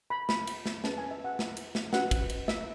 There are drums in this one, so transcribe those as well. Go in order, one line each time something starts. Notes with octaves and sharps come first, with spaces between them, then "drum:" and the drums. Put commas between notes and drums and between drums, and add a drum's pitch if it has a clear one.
B5
B5, drum: snare
drum: cymbal
drum: snare
C#4 G#4 B4 A5, drum: snare
G#5
E5
F#5
E5, drum: snare
drum: cymbal
drum: snare
C#4 F#4 B4 F#5, drum: snare
drum: kick, cymbal
drum: cymbal
E5, drum: snare